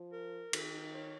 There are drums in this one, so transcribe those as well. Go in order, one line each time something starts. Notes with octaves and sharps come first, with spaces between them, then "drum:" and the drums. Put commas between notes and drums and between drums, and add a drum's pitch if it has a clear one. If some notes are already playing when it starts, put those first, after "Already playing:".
Already playing: F3
A#4
D#3, drum: cymbal
C#5